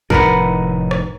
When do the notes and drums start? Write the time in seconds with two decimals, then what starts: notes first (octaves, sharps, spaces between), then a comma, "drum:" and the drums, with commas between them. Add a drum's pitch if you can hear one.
0.10 F1 A2 D#3 A#4 B4 F#5, drum: kick
0.91 drum: rim click